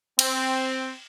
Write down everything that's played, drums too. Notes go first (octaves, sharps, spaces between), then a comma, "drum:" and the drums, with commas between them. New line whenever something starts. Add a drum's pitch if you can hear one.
C4, drum: cymbal